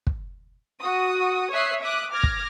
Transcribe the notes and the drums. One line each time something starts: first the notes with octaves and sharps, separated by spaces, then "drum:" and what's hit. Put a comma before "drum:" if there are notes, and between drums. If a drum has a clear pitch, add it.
drum: kick
F#4 D#6
C#5 E5 D#6 F#6 C7
E5 D6 D#6 F#6
D6 F6 G#6 A#6
drum: kick